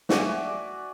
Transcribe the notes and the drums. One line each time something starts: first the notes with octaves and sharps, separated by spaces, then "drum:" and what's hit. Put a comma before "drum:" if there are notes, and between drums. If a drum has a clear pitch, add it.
F#4 D5 E5 G#5, drum: snare